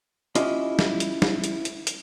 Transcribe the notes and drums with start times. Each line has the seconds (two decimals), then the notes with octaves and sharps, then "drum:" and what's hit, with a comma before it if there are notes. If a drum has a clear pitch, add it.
0.35 C#4 E4 F4 G4 D#5, drum: hi-hat
0.79 drum: snare
1.00 drum: hi-hat
1.22 drum: snare
1.44 drum: hi-hat
1.65 drum: hi-hat
1.87 drum: hi-hat